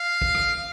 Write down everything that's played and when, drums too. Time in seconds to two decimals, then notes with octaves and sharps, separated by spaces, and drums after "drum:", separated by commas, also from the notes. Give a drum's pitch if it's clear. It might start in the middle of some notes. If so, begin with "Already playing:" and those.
Already playing: F5
0.21 drum: kick
0.35 drum: rim click